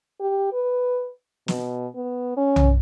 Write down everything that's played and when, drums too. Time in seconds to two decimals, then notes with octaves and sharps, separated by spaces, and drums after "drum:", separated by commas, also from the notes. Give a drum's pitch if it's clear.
0.21 G4
0.53 B4
1.48 B2, drum: snare
1.95 B3
2.37 C#4
2.56 drum: tom B1